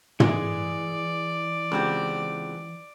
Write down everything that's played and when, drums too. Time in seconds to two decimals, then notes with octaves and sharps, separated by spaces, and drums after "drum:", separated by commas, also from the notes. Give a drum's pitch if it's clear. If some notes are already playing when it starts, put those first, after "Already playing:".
0.20 E3 G#3 G#4 D5, drum: tom
1.72 C#2 B3 C4 G4